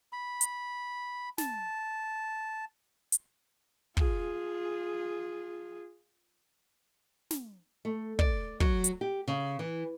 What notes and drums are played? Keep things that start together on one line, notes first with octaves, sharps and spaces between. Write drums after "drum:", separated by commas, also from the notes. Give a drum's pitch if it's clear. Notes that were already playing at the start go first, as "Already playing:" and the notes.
B5
drum: hi-hat
A5, drum: snare
drum: hi-hat
F4 G#4, drum: kick
drum: snare
A3
D5, drum: kick
F#3, drum: kick
drum: hi-hat
G4
C#3
E3